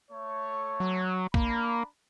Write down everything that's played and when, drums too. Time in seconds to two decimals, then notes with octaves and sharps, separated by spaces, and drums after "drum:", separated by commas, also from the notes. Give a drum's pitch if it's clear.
0.11 A3 C#5
0.80 F#3
1.34 A#3 D4 A#5 B5, drum: kick